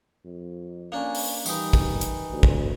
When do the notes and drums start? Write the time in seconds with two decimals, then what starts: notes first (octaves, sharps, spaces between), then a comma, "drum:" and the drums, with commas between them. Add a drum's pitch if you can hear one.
0.25 F2
0.92 A#3 C#4 D4
1.15 drum: open hi-hat
1.46 D#3 E3 G3 D#4, drum: tambourine
1.73 drum: kick
2.01 drum: hi-hat
2.32 D2
2.43 drum: kick